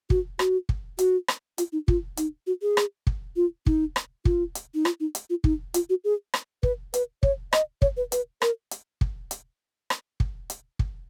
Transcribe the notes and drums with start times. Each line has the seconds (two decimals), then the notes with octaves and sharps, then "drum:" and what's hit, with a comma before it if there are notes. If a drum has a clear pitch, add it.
0.10 F#4, drum: kick
0.39 F#4, drum: rim click
0.69 drum: kick
0.99 F#4, drum: hi-hat
1.28 drum: rim click
1.58 F4, drum: hi-hat
1.72 D#4
1.88 F4, drum: kick
2.17 D#4, drum: hi-hat
2.47 F#4
2.62 G#4
2.77 drum: rim click
3.07 drum: kick
3.36 F4
3.66 D#4, drum: kick
3.96 drum: rim click
4.25 F4, drum: kick
4.55 drum: hi-hat
4.74 D#4
4.85 F4, drum: rim click
5.00 D#4
5.15 drum: hi-hat
5.30 F4
5.44 D#4, drum: kick
5.74 F4, drum: hi-hat
5.90 F#4
6.04 G#4
6.34 drum: rim click
6.63 B4, drum: kick
6.94 B4, drum: hi-hat
7.23 C#5, drum: kick
7.53 D#5, drum: rim click
7.82 C#5, drum: kick
7.97 B4
8.12 B4, drum: hi-hat
8.42 A#4, drum: rim click
8.71 drum: hi-hat
9.01 drum: kick
9.31 drum: hi-hat
9.90 drum: rim click
10.20 drum: kick
10.50 drum: hi-hat
10.79 drum: kick